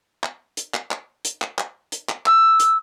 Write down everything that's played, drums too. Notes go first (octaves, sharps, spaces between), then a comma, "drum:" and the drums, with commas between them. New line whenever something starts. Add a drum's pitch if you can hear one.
drum: clap
drum: hi-hat
drum: clap
drum: clap
drum: hi-hat
drum: clap
drum: clap
drum: hi-hat
drum: clap
E6, drum: clap
drum: hi-hat